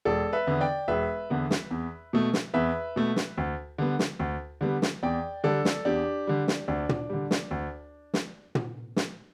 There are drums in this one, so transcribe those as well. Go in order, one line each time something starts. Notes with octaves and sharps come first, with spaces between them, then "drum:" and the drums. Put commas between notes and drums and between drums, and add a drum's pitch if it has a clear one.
E1 A4 D5
B4 E5
E2 D3 B3
D5 G5
E1 B4 E5
E2 D3 B3
drum: snare
E2
B2 A3
drum: snare
E2 B4 E5
B2 A3
drum: snare
D2
D3 G3 B3
drum: snare
D2
D3 G3 B3
drum: snare
E2 D5 G5
D3 G3 A4 D5
drum: snare
E2 D4 G4
D3 G3
drum: snare
D2 D4
drum: tom
D3 G3
drum: snare
D2
drum: snare
drum: tom
drum: snare